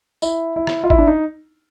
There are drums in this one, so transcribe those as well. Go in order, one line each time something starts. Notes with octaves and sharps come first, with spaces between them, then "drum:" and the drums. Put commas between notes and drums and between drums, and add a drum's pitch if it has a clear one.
E4, drum: tambourine
E4
drum: rim click
F4
E4, drum: kick G#1
D4
D#4